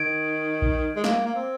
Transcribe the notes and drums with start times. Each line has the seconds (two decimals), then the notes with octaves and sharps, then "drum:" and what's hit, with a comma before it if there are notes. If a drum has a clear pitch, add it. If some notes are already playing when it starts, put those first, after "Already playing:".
Already playing: D#3 G#6 D7
0.62 drum: kick A#1
0.96 G#3
1.04 A#3, drum: snare
1.26 A#3
1.35 C4